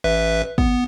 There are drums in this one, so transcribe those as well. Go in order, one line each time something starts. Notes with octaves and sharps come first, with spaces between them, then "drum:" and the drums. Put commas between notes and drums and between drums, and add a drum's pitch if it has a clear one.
A1 B4 E5
B3, drum: kick